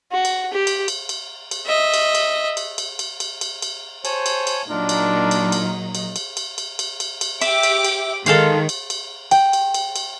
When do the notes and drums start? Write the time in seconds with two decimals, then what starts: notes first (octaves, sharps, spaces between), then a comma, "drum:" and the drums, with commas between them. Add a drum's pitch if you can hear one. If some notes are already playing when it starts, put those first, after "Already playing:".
0.12 F#4
0.25 drum: cymbal
0.53 G4
0.67 drum: cymbal
0.88 drum: cymbal
1.09 drum: cymbal
1.51 drum: cymbal
1.65 D#5 E5
1.94 drum: cymbal
2.15 drum: cymbal
2.57 drum: cymbal
2.78 drum: cymbal
2.99 drum: cymbal
3.20 drum: cymbal
3.41 drum: cymbal
3.62 drum: cymbal
4.05 C5 C#5 G#5 A5, drum: cymbal
4.26 drum: cymbal
4.47 drum: cymbal
4.70 A#2 F#3 D4 D#4 F4 A#4
4.89 drum: cymbal
5.31 drum: cymbal
5.52 drum: cymbal
5.95 drum: cymbal
6.16 drum: cymbal
6.37 drum: cymbal
6.58 drum: cymbal
6.79 drum: cymbal
7.00 drum: cymbal
7.21 drum: cymbal
7.41 G4 E5 D6, drum: cymbal
7.63 drum: cymbal
7.85 drum: cymbal
8.26 D#3 G#3 A4 F5 C6, drum: cymbal
8.69 drum: cymbal
8.90 drum: cymbal
9.31 G5, drum: cymbal
9.53 drum: cymbal
9.74 drum: cymbal
9.96 drum: cymbal